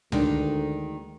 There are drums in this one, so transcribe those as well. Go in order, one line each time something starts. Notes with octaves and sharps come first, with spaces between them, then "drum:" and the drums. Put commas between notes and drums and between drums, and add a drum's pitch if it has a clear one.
D2 D#3 G#3 D4, drum: tom C#2